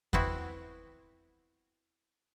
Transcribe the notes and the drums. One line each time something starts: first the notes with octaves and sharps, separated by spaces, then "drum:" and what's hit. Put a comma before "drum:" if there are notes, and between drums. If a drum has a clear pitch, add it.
B3 C4 E4 F#4, drum: kick E2